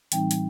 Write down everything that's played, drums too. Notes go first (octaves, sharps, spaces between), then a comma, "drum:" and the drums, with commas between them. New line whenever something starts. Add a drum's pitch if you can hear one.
A2 E3 G3 C4 D#4 G5, drum: hi-hat
drum: hi-hat